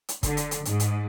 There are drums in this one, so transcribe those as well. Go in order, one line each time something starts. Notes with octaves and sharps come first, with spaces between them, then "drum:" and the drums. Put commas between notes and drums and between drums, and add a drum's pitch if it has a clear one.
drum: hi-hat
D3, drum: kick, hi-hat
drum: hi-hat
drum: hi-hat
G#2, drum: hi-hat
drum: hi-hat